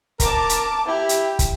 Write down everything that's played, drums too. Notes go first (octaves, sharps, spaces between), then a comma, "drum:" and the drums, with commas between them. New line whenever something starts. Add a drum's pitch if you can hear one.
A#4 A5 D6, drum: kick, hi-hat
drum: hi-hat
E4 G4
drum: hi-hat
drum: kick, hi-hat